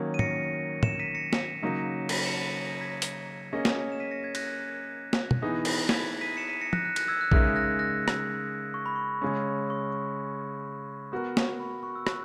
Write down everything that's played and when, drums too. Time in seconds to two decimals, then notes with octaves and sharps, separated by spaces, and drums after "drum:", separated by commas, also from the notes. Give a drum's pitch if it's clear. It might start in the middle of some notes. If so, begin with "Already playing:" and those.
Already playing: D#3 F#3 A#3 C#4
0.14 D#7
0.19 A#6 C#7, drum: tom
0.83 C#7 E7, drum: tom
1.00 B6 D#7
1.15 A#6 C#7
1.33 drum: snare
1.63 C#3 F#3 A#3 D#4
2.09 B6 D#7, drum: cymbal
2.25 C#7 E7
2.41 B6 D#7
2.57 A#6 C#7
2.81 G#6 B6
3.02 drum: hi-hat
3.53 A#3 C#4 G#4 D#5
3.65 drum: snare
3.92 E7
4.00 B6 D#7
4.11 A#6 C#7
4.23 G#6 B6
4.35 F#6 A#6, drum: cymbal
4.47 F#6 A#6
5.13 drum: snare
5.31 drum: tom
5.42 E3 B3 D#4 G#4
5.65 drum: cymbal
5.89 G#6 B6, drum: snare
6.21 B6 D#7
6.37 C#7 E7
6.49 B6 D#7
6.61 A#6 C#7
6.73 F#6 A#6, drum: tom
6.85 F#6
6.96 F#6, drum: cymbal
7.08 E6 G#6
7.21 F#6
7.32 C#3 G#3 D#4 A#4 E5 F#6, drum: kick A#1
7.56 F#6 A#6
7.79 F#6 A#6
8.08 drum: rim click
8.74 C#6
8.86 B5
8.96 C#6
9.22 C#3 G#3 C#4
9.70 C#6
11.12 B3 F#4 A#4
11.37 drum: snare
11.60 B5
11.83 C#6
11.95 E6
12.07 F#6, drum: rim click